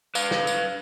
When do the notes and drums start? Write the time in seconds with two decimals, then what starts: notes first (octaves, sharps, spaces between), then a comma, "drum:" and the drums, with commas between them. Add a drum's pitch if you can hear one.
0.15 B4 F5, drum: tambourine
0.31 drum: snare
0.47 drum: tambourine